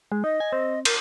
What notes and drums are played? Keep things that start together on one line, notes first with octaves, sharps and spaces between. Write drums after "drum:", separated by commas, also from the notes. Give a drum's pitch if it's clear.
G#3
D#4 D#5
G#5
C4
A#4 G6, drum: cymbal